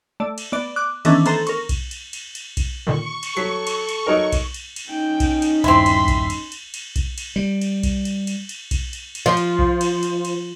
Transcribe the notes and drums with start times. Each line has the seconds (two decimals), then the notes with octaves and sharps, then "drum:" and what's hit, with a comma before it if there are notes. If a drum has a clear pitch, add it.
0.20 A3 D5
0.38 drum: cymbal
0.52 B3 D5
0.76 D6 F#6
1.05 D#3 E3 A3 B3 C#4 D4, drum: cymbal
1.26 B3 A4 C5 A#5, drum: cymbal
1.47 A#4 C#6, drum: cymbal
1.69 drum: kick B1, cymbal
1.91 drum: cymbal
2.13 drum: cymbal
2.35 drum: cymbal
2.57 drum: kick B1, cymbal
2.87 A#2 D3 D#3 C#6
3.23 drum: cymbal
3.37 F#3 A4 B6
3.67 drum: cymbal
3.89 drum: cymbal
4.07 F#3 D#4 A#4
4.32 drum: kick B1, cymbal
4.54 drum: cymbal
4.76 drum: cymbal
4.89 C#4 D#4 G5
5.20 drum: kick B1, cymbal
5.42 drum: cymbal
5.64 D#1 G2 C4 E4 C6 B6, drum: cymbal
5.86 drum: cymbal
6.08 drum: kick B1, cymbal
6.30 drum: cymbal
6.52 drum: cymbal
6.74 drum: cymbal
6.96 drum: kick B1, cymbal
7.18 drum: cymbal
7.36 G3
7.61 drum: cymbal
7.83 drum: kick B1, cymbal
8.05 drum: cymbal
8.27 drum: cymbal
8.49 drum: cymbal
8.71 drum: kick B1, cymbal
8.93 drum: cymbal
9.15 drum: cymbal
9.26 F3
9.37 drum: cymbal
9.59 drum: kick B1
9.81 drum: cymbal
10.03 drum: cymbal
10.25 drum: cymbal